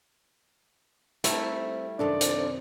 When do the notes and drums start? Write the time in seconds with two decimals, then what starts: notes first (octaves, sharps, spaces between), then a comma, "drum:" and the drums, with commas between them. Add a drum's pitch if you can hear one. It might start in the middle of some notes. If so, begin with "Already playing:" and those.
1.24 G3 A3 C4 E4 A#4, drum: hi-hat
1.99 F#2 C3 D#3 D4 A4 D5
2.21 drum: hi-hat